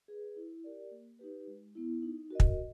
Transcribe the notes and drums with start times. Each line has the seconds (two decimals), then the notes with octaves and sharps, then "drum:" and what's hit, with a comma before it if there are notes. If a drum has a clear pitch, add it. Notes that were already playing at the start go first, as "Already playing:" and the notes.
0.08 G#4 B4
0.36 E4
0.64 G4 A#4 D5
0.91 A#3
1.19 D#4 G4 B4
1.47 G#3
1.75 B3 E4
2.03 D#4
2.31 F#4 A#4 D#5
2.40 drum: kick